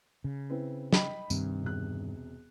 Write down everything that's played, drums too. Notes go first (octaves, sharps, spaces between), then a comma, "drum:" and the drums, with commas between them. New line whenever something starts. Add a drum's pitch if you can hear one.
C#3
C4 E4 B4
D#5 G5 B5, drum: snare
C2 G2 D#3, drum: tambourine
E1 C2 F#6